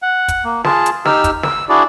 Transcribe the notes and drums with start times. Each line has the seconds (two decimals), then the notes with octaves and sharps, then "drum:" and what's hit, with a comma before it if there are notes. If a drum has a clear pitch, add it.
0.02 F#5
0.28 drum: kick, hi-hat
0.44 A#3
0.64 F4 G#4 A5, drum: snare
0.86 drum: hi-hat
1.05 D#4 G4 E6 F6, drum: snare
1.24 drum: kick, hi-hat
1.43 E6, drum: snare
1.69 D4 E4 F#4 G#4 D5